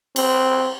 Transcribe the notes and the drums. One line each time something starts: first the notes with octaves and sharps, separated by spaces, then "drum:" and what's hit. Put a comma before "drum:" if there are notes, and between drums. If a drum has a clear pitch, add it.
C4, drum: cymbal